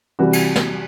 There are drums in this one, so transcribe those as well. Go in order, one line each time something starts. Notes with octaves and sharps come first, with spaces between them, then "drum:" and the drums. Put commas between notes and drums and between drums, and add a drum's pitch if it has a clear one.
C3 E3 G3 F#4
drum: cymbal
drum: snare